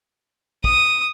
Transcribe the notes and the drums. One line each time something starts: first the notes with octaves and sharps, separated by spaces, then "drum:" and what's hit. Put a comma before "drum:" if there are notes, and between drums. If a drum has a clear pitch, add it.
D#6, drum: kick